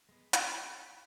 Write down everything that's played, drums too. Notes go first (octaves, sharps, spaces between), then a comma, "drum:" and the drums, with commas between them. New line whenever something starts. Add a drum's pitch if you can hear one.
G#3 B3
C#4 D4 F#4 A4 C5, drum: hi-hat
G#4 A#5 C#6
G5 B5